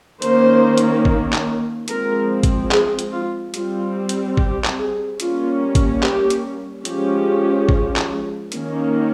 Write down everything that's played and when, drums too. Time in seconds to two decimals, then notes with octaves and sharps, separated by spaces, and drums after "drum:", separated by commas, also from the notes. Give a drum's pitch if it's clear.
0.22 D#3 A#3 C#4 C5, drum: hi-hat
0.78 drum: hi-hat
1.05 drum: kick G#1
1.33 drum: clap
1.88 F3 G#3 C4 A#4, drum: hi-hat
2.43 drum: kick G#1, hi-hat
2.71 G#4, drum: clap
2.99 drum: hi-hat
3.13 F4
3.54 G3 C4 F4, drum: hi-hat
4.09 drum: hi-hat
4.37 G4, drum: kick G#1
4.65 drum: clap
4.79 G#4
5.20 G3 A#3 C#4 F4, drum: hi-hat
5.75 drum: kick G#1, hi-hat
6.03 G4, drum: clap
6.30 drum: hi-hat
6.85 F3 G#3 C#4 G4, drum: hi-hat
7.69 drum: kick G#1
7.96 drum: clap
8.52 D#3 A#3 C#4, drum: hi-hat